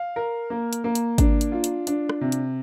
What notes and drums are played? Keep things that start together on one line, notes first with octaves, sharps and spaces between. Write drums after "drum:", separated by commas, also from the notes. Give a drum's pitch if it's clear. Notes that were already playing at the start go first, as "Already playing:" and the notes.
Already playing: F5
A#4
A#3
drum: hi-hat
A#3
drum: hi-hat
D4, drum: kick G#1, hi-hat
drum: hi-hat
F4
drum: hi-hat
D4, drum: hi-hat
drum: rim click
C3
drum: hi-hat